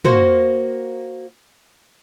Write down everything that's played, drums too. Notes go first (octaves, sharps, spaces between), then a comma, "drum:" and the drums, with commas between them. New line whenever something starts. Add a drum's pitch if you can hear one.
A#3 F#4 C5, drum: tom